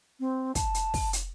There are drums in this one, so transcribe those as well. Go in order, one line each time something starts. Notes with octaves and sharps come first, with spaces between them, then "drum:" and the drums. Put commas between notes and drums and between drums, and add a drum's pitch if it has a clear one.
C4
A5, drum: kick, hi-hat
drum: hi-hat
drum: kick, open hi-hat
drum: hi-hat